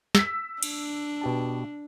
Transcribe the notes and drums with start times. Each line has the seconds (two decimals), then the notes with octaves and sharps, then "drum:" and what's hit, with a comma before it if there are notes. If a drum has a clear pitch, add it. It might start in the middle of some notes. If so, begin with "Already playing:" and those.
0.15 E6 B6, drum: snare
0.63 D4, drum: cymbal
1.21 B2 G4 A5